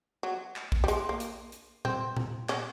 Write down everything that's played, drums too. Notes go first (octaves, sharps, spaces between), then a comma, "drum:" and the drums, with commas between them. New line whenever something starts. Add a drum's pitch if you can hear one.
F#3
drum: clap
drum: kick A#1
G3
G#3, drum: hi-hat
A#3
drum: hi-hat
drum: hi-hat
C4, drum: tom A#2
drum: tom A#2
C#4, drum: clap